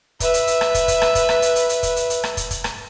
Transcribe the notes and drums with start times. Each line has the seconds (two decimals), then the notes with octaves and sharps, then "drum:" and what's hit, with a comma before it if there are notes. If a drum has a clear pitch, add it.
0.20 B4 E5, drum: kick, hi-hat
0.34 drum: hi-hat
0.47 drum: hi-hat
0.61 drum: rim click
0.74 drum: kick, hi-hat
0.88 drum: kick, hi-hat
1.02 drum: rim click
1.15 drum: kick, hi-hat
1.29 drum: rim click
1.42 drum: hi-hat
1.56 drum: hi-hat
1.69 drum: hi-hat
1.83 drum: kick, hi-hat
1.96 drum: hi-hat
2.10 drum: hi-hat
2.24 drum: rim click
2.37 drum: kick, hi-hat
2.51 drum: kick, hi-hat
2.64 drum: rim click